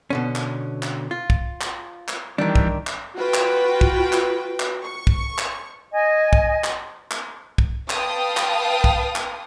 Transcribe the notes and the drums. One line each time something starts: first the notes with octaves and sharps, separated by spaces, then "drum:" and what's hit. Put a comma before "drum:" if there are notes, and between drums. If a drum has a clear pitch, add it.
B2 D3 C#4
drum: clap
drum: clap
F4
drum: kick
drum: clap
drum: clap
D#3 E3 G3 D4
drum: kick
drum: clap
F4 F#4 B4 G5
drum: clap
drum: kick
drum: clap
drum: clap
C#6
drum: kick
drum: clap
D#5 G#5
drum: kick
drum: clap
drum: clap
drum: kick
B4 F5 G5 A5 D#6, drum: clap
drum: clap
drum: kick
drum: clap